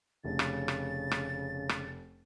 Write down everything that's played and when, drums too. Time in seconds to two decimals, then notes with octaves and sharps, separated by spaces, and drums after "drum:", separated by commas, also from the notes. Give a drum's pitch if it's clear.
0.25 F1 C#3 A6
0.39 drum: rim click
0.68 drum: rim click
1.11 drum: rim click
1.69 drum: rim click